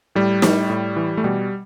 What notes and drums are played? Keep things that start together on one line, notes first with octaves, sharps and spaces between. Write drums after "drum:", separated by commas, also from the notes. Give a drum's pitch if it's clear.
A2 G3
A2, drum: snare
A2
E3
A3
B2 G3